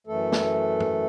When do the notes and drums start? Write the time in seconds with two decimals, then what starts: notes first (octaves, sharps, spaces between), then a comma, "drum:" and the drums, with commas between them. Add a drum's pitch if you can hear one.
0.07 F#2 E3 A3 A4
0.32 drum: snare
0.80 drum: tom